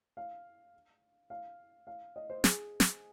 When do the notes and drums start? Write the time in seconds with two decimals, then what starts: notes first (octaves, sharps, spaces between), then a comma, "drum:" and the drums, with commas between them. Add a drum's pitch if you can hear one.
0.17 F5
1.30 F5
1.87 F5
2.16 D#5
2.30 C5
2.44 G#4, drum: snare
2.80 drum: snare